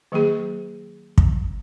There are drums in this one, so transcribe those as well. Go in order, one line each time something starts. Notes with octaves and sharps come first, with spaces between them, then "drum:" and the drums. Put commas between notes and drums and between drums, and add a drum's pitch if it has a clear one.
D#3 F#3 A#3 G#4
drum: kick